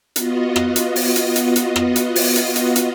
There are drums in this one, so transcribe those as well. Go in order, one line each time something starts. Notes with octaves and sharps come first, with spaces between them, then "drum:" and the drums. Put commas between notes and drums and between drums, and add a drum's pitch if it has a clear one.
B3 F4 F#4 D#5, drum: hi-hat
drum: rim click
drum: hi-hat
drum: open hi-hat
drum: hi-hat
drum: hi-hat
drum: hi-hat
drum: rim click
drum: hi-hat
drum: open hi-hat
drum: hi-hat
drum: hi-hat
drum: hi-hat